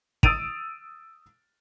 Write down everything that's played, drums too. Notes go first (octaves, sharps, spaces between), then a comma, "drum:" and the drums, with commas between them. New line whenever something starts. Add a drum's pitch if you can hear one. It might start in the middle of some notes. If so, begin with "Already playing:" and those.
D#6 E6 A6 D7 D#7 F7, drum: kick